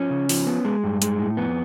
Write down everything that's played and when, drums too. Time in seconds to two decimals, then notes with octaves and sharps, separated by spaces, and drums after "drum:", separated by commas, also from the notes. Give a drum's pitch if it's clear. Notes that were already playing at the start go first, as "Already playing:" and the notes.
Already playing: F3 C#4
0.10 C#3
0.29 F3, drum: open hi-hat
0.47 B3
0.65 G#3
0.84 G2
1.02 G#3, drum: hi-hat
1.19 A2
1.37 F2 B3